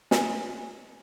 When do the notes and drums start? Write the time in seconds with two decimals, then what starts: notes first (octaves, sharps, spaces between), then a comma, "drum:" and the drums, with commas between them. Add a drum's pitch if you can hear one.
0.11 G#5, drum: snare